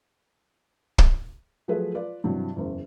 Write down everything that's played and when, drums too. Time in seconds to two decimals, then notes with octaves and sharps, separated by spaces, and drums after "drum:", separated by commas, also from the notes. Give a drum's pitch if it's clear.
0.98 drum: kick
1.68 F3 F#3 A3 G#4 B4 E5
1.94 F4 B4 D5
2.24 G2 C3 E3 F#3
2.56 F#1 E2